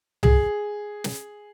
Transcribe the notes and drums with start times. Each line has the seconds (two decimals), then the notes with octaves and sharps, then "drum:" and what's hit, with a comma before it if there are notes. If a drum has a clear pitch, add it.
0.23 G#4, drum: tom C2
1.04 drum: snare